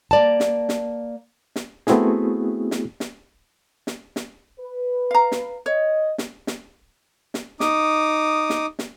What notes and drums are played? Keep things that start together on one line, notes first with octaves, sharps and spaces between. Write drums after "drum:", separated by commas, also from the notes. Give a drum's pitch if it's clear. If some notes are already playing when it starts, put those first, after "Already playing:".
A#3 D5 A5
drum: snare
drum: snare
drum: snare
A3 B3 C4 E4 F#4 G#4, drum: snare
drum: snare
drum: snare
drum: snare
drum: snare
B4
F5 A#5
drum: snare
C#5 D#5
drum: snare
drum: snare
drum: snare
D#4 D6 D#6, drum: snare
drum: snare
drum: snare